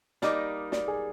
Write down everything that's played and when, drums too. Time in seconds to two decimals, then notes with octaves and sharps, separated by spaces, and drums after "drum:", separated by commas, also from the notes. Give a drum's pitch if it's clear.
0.22 G3 A#3 D#4 D5, drum: snare
0.72 D5, drum: snare
0.88 G#4